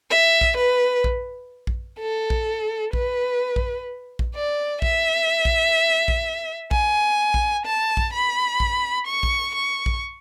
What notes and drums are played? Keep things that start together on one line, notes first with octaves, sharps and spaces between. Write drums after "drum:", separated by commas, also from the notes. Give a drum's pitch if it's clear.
E5
drum: kick A#1
B4
drum: kick A#1
drum: kick A#1
A4
drum: kick A#1
B4, drum: kick A#1
drum: kick A#1
drum: kick A#1
D5
E5, drum: kick A#1
drum: kick A#1
drum: kick A#1
G#5, drum: kick A#1
drum: kick A#1
A5
drum: kick A#1
B5
drum: kick A#1
C#6
drum: kick A#1
C#6
drum: kick A#1